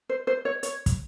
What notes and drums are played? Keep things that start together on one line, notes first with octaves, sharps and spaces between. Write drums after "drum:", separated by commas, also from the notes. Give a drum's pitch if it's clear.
C5
C5
C#5
C#5, drum: hi-hat
drum: kick, hi-hat